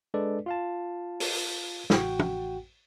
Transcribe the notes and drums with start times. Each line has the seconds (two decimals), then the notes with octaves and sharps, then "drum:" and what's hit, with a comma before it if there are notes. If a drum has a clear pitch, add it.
0.14 G#3 D4 A4 B4 D5
0.46 F4 F5 A5
1.20 drum: open hi-hat
1.90 A1 F#4 F#5 G5, drum: snare
2.19 drum: tom